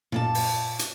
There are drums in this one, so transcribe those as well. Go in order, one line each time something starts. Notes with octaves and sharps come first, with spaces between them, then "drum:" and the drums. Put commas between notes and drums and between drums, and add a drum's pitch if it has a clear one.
A#2 D5 A5, drum: tom F#2
drum: open hi-hat
drum: hi-hat